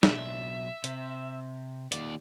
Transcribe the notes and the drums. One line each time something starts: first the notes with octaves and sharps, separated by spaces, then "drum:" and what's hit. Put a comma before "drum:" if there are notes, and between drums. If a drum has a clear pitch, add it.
B1 D4 E5, drum: snare
C3, drum: hi-hat
D#2 D5, drum: hi-hat